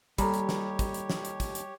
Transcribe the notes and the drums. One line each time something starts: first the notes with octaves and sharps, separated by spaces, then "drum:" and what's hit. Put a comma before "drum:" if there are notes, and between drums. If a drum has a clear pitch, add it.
D#2 G3 G4 A4 C#5 A#5 B5, drum: kick, hi-hat
drum: hi-hat
drum: snare
drum: kick, hi-hat
drum: hi-hat
drum: snare
drum: hi-hat
drum: kick, hi-hat
drum: hi-hat